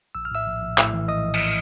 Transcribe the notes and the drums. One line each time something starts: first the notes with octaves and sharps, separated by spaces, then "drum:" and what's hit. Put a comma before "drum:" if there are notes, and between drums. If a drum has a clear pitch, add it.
A#1 E6
F6
A2 E5 E6
A#1
A#1
A2, drum: clap
E3
A#1 D#5 D#6
A#1
drum: cymbal